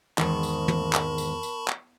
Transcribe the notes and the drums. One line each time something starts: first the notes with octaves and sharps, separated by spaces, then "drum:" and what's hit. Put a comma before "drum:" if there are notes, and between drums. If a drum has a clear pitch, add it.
E2 G#2 D#3 A#4 A5 B5 C#6, drum: clap
drum: tambourine
drum: tom
drum: clap
drum: tambourine
drum: tambourine
drum: clap